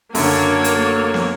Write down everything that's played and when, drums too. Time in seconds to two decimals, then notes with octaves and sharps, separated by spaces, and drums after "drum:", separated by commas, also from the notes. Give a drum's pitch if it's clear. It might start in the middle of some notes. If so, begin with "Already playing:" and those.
0.15 F#2 D3 A#3 F#4 A4 C#5, drum: open hi-hat
0.64 drum: hi-hat
1.14 drum: snare